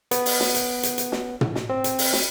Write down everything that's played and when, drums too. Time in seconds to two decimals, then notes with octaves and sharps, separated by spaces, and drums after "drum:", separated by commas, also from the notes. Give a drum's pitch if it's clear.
0.11 B3, drum: hi-hat
0.26 drum: open hi-hat
0.40 drum: snare
0.55 drum: hi-hat
0.83 drum: hi-hat
0.98 drum: hi-hat
1.12 drum: snare
1.41 drum: tom
1.55 drum: snare
1.69 C4
1.84 drum: hi-hat
1.99 drum: open hi-hat
2.13 drum: snare